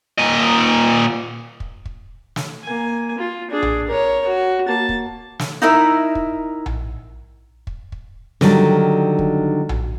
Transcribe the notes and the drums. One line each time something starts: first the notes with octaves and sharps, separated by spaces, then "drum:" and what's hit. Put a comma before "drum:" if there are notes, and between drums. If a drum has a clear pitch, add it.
A#2 D#5
drum: kick
drum: kick
drum: snare
A#3 G#5
F4
D4 G#4
drum: tom A#1
A#4 C#5
F#4
A#3 A5
drum: kick
drum: snare
D#4 E4 A#4 E5
drum: kick
drum: tom A#1
drum: kick
drum: kick
D3 D#3 F#3 G3 D4, drum: snare
drum: kick
drum: tom A#1